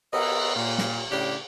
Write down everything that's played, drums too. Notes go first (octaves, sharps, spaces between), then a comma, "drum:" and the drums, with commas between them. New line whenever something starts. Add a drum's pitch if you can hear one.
B3 A#4 D#5 E5, drum: cymbal
A#2
drum: snare
A2 C#3 D4 G4